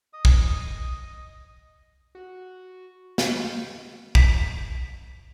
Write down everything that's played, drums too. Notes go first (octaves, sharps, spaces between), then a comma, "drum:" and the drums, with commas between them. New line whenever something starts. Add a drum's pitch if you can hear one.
D#5 D#6
drum: kick
F#4
drum: snare
B6, drum: kick